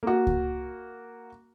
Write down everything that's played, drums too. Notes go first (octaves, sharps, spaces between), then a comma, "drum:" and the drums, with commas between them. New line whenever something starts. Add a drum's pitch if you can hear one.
A#3 F#4
drum: kick C#2